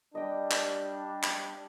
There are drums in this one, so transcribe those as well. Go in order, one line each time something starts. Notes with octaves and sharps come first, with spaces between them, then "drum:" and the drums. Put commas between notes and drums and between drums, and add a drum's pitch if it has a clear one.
G3 D4 D#5 G5
drum: clap
drum: clap